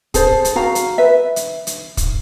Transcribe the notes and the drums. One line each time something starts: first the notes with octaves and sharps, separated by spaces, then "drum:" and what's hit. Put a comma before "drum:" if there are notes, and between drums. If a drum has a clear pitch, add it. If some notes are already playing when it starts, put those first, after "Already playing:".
G#4 A4 C5, drum: kick, hi-hat
drum: hi-hat
F#4 F5 A#5
drum: hi-hat
B4 E5
drum: hi-hat
drum: hi-hat
drum: kick, hi-hat